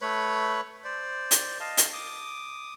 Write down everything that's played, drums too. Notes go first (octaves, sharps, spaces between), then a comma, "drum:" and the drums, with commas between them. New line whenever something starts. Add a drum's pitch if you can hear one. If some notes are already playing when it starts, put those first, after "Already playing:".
A3 B4 C#5 B5
C5 D5
drum: hi-hat
D#5 F5 A5
drum: hi-hat
D6 D#6